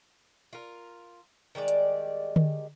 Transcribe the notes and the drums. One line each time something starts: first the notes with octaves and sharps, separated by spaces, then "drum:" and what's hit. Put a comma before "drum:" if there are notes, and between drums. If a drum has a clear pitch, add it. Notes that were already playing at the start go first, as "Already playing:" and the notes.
F4 A#4
D#3 G3 G#3 D5
drum: hi-hat
drum: tom D3